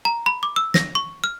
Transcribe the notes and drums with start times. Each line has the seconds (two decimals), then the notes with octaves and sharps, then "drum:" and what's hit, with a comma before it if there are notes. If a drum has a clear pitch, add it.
0.05 A#5
0.26 B5
0.43 D6
0.56 E6
0.74 A#6, drum: snare
0.95 C#6
1.24 F6